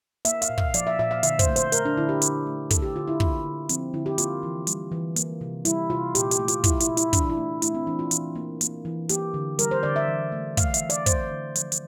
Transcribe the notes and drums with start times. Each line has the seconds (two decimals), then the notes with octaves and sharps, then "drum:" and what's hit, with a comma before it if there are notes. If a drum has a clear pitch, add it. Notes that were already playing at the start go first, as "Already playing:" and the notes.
0.25 A#3 E5, drum: hi-hat
0.42 F5, drum: hi-hat
0.49 A#2
0.58 F5, drum: kick
0.74 F3 D5, drum: hi-hat
0.87 E5
0.99 A#2 E5
1.11 F5
1.23 D3 E5, drum: hi-hat
1.39 C5, drum: kick, hi-hat
1.48 A3
1.56 C5, drum: hi-hat
1.72 A3 A#4, drum: hi-hat
1.85 D4
1.97 D3 E4
2.09 G4
2.22 D3, drum: hi-hat
2.47 A3
2.70 A3 A4, drum: kick, hi-hat
2.82 G4
2.95 D3 F4
3.08 E4
3.20 A#3, drum: kick
3.44 D3
3.69 F3 C4, drum: hi-hat
3.94 D3 E4
4.06 G4
4.18 A#3 F4, drum: hi-hat
4.43 E3
4.67 G3, drum: hi-hat
4.92 E3
5.16 A#3, drum: hi-hat
5.41 C3
5.65 G3 E4, drum: hi-hat
5.90 C3 F4
6.15 A#2 G4, drum: hi-hat
6.31 G4, drum: hi-hat
6.39 A3
6.48 F4, drum: hi-hat
6.64 A3 E4, drum: kick, hi-hat
6.80 E4, drum: hi-hat
6.88 A#2
6.97 E4, drum: hi-hat
7.13 E3 D4, drum: kick, hi-hat
7.30 E4
7.37 A3
7.62 A3 E4, drum: hi-hat
7.75 C4
7.87 E3 D4
7.99 F4
8.11 E3, drum: hi-hat
8.36 A#3
8.61 A#3, drum: hi-hat
8.85 E3
9.09 A#3 G4, drum: hi-hat
9.34 D3
9.59 G3 A#4, drum: hi-hat
9.71 C5
9.83 D3 D5
9.96 E5
10.08 E3
10.32 A3
10.57 A3 F5, drum: kick, hi-hat
10.74 E5, drum: hi-hat
10.81 E3
10.90 D5, drum: hi-hat
11.06 A3 C5, drum: kick, hi-hat
11.30 D3
11.55 F3, drum: hi-hat
11.72 drum: hi-hat